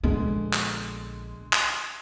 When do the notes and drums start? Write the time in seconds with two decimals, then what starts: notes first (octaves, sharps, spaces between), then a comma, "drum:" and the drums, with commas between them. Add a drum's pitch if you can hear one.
0.04 A#1 D3 G#3 B3
0.53 drum: clap
1.53 drum: clap